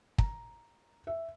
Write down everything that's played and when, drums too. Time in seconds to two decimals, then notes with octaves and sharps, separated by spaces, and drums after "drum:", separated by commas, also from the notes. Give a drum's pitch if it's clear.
0.18 A#5, drum: kick
1.07 E5